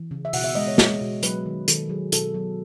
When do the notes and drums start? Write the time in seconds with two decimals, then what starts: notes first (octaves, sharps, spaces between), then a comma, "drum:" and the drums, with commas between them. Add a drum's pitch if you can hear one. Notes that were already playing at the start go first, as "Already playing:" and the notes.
Already playing: E3
0.11 C#3
0.25 E5
0.33 B2 F#5, drum: open hi-hat
0.44 E5
0.55 G#3 D#5
0.68 C#5
0.78 G#3, drum: snare
1.01 B2
1.23 F#3 B4, drum: hi-hat
1.46 D#3
1.68 D#3 A4, drum: hi-hat
1.90 F#3 G#4
2.12 B2 A4, drum: hi-hat
2.34 F#3